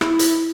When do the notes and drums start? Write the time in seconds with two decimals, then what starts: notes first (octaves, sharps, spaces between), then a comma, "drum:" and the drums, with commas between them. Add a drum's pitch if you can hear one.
0.01 E4, drum: rim click
0.19 drum: hi-hat